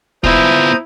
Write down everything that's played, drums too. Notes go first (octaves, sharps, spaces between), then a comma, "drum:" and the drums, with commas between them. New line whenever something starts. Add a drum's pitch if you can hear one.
B3 E4 F4 C5 A#5 D#6, drum: kick